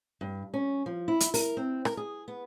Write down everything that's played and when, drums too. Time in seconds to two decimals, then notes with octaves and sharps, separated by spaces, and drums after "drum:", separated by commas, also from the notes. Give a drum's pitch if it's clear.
0.21 G2
0.54 C#4
0.86 F3
1.08 E4
1.20 drum: hi-hat
1.34 A#4, drum: open hi-hat
1.57 C4
1.85 A#4, drum: rim click
1.97 G#4
2.28 B3